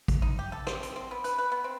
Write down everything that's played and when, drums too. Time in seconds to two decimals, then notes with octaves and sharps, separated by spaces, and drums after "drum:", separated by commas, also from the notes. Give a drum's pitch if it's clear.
0.08 drum: kick, hi-hat
0.22 D#4
0.39 G4
0.52 A4
0.67 C4, drum: rim click
0.83 C4, drum: hi-hat
0.96 C4
1.11 B3
1.24 B4, drum: hi-hat
1.38 B4
1.52 B3
1.64 C4